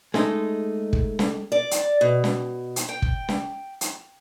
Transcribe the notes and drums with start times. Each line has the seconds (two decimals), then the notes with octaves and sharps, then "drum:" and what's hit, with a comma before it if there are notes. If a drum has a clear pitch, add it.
0.14 G#3 A3 D#4, drum: snare
0.93 drum: kick
1.19 drum: snare
1.52 D5
1.71 drum: hi-hat
2.01 B2
2.24 drum: snare
2.76 drum: hi-hat
2.89 G5
3.02 drum: kick
3.29 drum: snare
3.81 drum: hi-hat